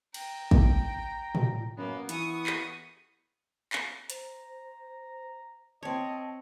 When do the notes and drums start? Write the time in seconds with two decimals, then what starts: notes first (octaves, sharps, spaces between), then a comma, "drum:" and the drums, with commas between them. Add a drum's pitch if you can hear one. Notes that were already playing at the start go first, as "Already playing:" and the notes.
0.14 G5 A#5, drum: cymbal
0.51 drum: kick
1.35 drum: tom A2
1.77 F#2 A#3 B3
2.09 E3 B3 C#6 D#6, drum: hi-hat
2.47 drum: clap
3.73 drum: clap
4.10 C5 A#5, drum: hi-hat
5.83 C4 C#5 D#5 A5